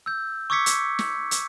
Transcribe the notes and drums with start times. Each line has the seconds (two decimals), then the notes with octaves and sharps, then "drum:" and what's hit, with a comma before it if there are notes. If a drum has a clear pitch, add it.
0.06 E6 G6
0.50 C#6 D6 E6 G#6 B6 C#7
0.66 drum: hi-hat
0.99 drum: snare
1.31 drum: hi-hat